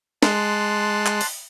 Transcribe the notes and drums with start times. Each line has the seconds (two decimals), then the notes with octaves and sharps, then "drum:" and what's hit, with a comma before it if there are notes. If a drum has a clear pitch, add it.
0.23 G#3 A5 C6 F#6, drum: snare
1.06 drum: clap
1.21 drum: open hi-hat